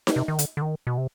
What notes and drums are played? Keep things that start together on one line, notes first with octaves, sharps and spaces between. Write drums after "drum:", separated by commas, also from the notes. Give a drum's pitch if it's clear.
drum: snare D#4
C3
D#3
D3, drum: hi-hat
D3
D#3
B2
C3